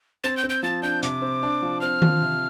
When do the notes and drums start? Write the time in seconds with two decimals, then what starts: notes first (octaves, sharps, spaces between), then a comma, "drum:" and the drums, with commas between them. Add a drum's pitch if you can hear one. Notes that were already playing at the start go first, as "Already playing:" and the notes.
0.24 C4 A6
0.37 G6
0.44 C4
0.50 G6
0.63 F3 A6
0.83 D4 G6
1.03 C3 D6, drum: hi-hat
1.22 C4
1.43 D4
1.62 F3
1.81 C4 F6
2.02 F3, drum: tom D#3
2.21 C3